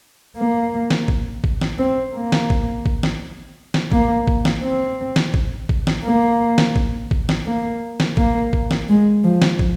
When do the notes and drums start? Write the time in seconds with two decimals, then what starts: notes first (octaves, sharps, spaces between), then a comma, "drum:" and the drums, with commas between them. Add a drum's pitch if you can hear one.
0.37 A#3
0.90 drum: snare
1.08 drum: kick
1.44 drum: kick
1.61 drum: snare
1.79 C4
2.14 A#3
2.32 drum: snare
2.50 drum: kick
2.86 drum: kick
3.03 drum: snare
3.74 drum: snare
3.92 A#3, drum: kick
4.27 drum: kick
4.45 drum: snare
4.63 C4
5.16 drum: snare
5.34 drum: kick
5.69 drum: kick
5.87 drum: snare
6.04 A#3
6.58 drum: snare
6.76 drum: kick
7.11 drum: kick
7.29 drum: snare
7.46 A#3
8.00 drum: snare
8.17 A#3, drum: kick
8.53 drum: kick
8.71 drum: snare
8.89 G#3
9.24 F3
9.42 drum: snare
9.59 drum: kick